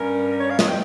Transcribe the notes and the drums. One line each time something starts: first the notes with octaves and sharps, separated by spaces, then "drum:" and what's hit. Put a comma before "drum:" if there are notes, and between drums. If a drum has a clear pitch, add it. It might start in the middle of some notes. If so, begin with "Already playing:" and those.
Already playing: G2 G3 C#4 A#4
C#5
F5
D#5, drum: snare
G5